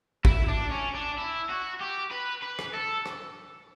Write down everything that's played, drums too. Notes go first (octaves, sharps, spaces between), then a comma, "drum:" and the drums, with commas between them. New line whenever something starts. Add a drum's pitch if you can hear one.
E4, drum: kick
D4
C#4
D4
E4
F#4
G4
B4
B4
drum: rim click
A4
drum: rim click